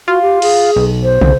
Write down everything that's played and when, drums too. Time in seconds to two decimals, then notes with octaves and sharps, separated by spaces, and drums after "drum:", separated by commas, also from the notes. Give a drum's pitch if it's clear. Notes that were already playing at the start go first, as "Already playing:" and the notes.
0.08 F4 F#4
0.22 G4
0.42 G#4, drum: cymbal
0.76 B1
1.03 C5
1.21 C2, drum: tom